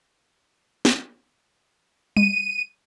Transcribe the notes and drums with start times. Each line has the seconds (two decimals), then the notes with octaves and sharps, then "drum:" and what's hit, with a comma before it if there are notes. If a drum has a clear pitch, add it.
0.85 drum: snare
2.17 D#7, drum: tom G3